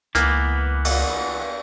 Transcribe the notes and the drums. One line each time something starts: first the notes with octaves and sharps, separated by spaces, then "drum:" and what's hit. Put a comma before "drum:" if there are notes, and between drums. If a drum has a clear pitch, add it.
C#2 E3 A#3 B3, drum: hi-hat
drum: cymbal